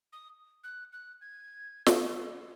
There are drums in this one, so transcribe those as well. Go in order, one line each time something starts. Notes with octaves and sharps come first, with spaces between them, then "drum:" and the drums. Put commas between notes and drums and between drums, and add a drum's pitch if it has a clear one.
D#6
F#6
F#6
G#6
drum: snare